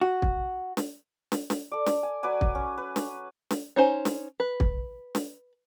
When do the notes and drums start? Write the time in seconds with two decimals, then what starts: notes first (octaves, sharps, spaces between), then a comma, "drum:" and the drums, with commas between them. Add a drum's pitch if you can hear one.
0.01 F#4
0.22 drum: kick
0.77 drum: snare
1.32 drum: snare
1.50 drum: snare
1.72 A4 D5
1.86 drum: snare
2.03 G#5
2.23 F#3 B4 D5 G#5
2.41 drum: kick
2.55 C#4
2.78 B4
2.96 drum: snare
3.51 drum: snare
3.76 C#4 D#4 C5 G#5
4.05 drum: snare
4.40 B4
4.60 drum: kick
5.15 drum: snare